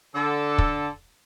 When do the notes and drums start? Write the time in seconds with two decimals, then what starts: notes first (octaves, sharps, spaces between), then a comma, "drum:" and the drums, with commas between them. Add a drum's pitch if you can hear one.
0.15 D3 A4
0.58 drum: kick